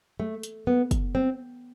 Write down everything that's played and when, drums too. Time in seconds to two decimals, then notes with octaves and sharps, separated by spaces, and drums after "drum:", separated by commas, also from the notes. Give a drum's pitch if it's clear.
0.20 A3
0.43 drum: hi-hat
0.67 B3
0.91 drum: kick, hi-hat
1.15 C4